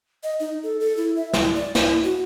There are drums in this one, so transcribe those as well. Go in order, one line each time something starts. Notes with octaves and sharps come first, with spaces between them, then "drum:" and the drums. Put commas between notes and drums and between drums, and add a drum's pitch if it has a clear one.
D#5
D#4
A4
A4
E4
E5
E4, drum: snare
D5
E4, drum: snare
F#4